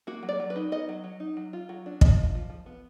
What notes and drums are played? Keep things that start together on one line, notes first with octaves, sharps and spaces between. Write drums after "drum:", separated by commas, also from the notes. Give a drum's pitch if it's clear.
A#3 F#4
F#3
D5
F#3
B4
D#4
B3 D#5
F#3
F#3
D#4
F#3
F4
F#3
D4
F3 D#5, drum: kick
F3
F3
F3
B3